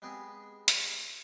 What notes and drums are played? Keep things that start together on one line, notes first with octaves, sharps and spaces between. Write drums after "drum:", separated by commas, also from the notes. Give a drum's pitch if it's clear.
G#3 B3 C4 G4 G#4
drum: hi-hat